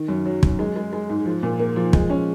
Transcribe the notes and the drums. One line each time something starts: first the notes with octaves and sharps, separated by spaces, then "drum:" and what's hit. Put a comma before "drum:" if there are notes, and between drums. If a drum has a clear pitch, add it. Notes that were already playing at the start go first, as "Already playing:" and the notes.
Already playing: D#3
F#2
F#3
F#2, drum: kick
G#3
G#3
G#3
G#2
F3
A#2
A#3
F3
G#3, drum: kick
C#4